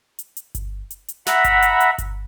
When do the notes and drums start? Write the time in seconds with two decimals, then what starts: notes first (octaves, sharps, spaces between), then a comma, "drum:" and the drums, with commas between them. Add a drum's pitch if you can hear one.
0.19 drum: hi-hat
0.37 drum: hi-hat
0.55 drum: kick G1, hi-hat
0.91 drum: hi-hat
1.08 drum: hi-hat
1.26 E5 F#5 A#5 B5, drum: snare
1.44 drum: kick G1, hi-hat
1.62 drum: hi-hat
1.80 drum: hi-hat
1.98 drum: kick G1, hi-hat